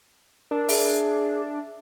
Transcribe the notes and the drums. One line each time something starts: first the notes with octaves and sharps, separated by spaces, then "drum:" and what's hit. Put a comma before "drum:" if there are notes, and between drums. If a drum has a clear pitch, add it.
D4 A#4
G#4 E5, drum: open hi-hat